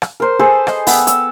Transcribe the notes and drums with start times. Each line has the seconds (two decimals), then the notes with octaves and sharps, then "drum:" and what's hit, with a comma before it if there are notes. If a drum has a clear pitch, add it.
0.02 drum: rim click
0.20 A#4 C5
0.39 G#4 A4 B4 C5
0.67 D#5, drum: rim click
0.87 B3 G5 A5 E6, drum: open hi-hat
1.07 E6, drum: hi-hat